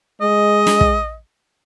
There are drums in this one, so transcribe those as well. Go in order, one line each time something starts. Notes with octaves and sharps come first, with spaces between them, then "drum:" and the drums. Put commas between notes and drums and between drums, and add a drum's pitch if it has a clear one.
G#3 D#5
drum: snare
drum: kick